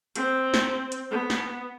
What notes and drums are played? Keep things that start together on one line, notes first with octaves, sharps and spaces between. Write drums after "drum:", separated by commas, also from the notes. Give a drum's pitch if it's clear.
C4, drum: hi-hat
drum: snare
drum: hi-hat
B3
drum: snare